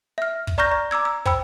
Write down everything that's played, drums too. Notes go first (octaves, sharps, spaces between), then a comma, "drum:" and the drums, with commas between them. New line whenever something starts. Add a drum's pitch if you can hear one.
E5 F6
drum: kick
D5 A#5 C#6 F6 G6 A#6
D5
A#5 D6 E6 G#6
E6
C5 G5 B5 E6, drum: kick